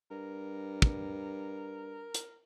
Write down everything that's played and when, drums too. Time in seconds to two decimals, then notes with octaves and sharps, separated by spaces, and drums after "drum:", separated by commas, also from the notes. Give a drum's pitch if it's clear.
0.11 G2 A#4
0.82 drum: kick
2.14 drum: hi-hat